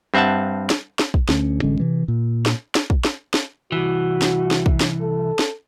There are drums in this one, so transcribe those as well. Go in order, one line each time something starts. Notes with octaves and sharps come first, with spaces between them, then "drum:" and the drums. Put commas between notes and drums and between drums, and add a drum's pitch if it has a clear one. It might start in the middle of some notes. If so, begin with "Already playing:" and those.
G2 C4 E5 F#5 A5
drum: snare
drum: snare
drum: kick
D2 C#4, drum: snare
A1 D3 G#3 C#4
C3 E3
A#2
drum: snare
drum: snare
drum: kick
drum: snare
drum: snare
C2 E3 F#4
drum: snare
drum: snare
drum: kick
drum: snare
A4
drum: snare